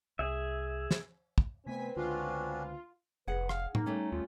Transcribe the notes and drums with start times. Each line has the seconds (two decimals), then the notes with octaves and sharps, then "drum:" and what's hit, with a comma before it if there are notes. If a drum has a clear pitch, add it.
0.19 C2 G#4 E5
0.91 drum: snare
1.38 drum: kick
1.66 C3 A3 B3 C4 B4 G#5 B6
1.96 C#2 D3 G#3 C#4 D4 F4 F#4
3.28 F1 G#4 B4 F#5
3.49 F5, drum: rim click
3.75 A#3 D#4, drum: tom A2
3.86 G3 A3 C#4
4.12 D#2 F4